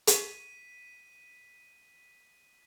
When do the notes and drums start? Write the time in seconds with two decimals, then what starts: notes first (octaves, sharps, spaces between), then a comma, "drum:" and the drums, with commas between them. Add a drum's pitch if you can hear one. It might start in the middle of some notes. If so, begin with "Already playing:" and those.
0.07 B6 D#7, drum: hi-hat